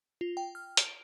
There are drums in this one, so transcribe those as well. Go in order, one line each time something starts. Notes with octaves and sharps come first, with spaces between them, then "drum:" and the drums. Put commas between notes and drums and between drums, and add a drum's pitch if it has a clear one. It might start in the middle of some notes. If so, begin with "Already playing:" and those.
F4
G5
F6
D7, drum: hi-hat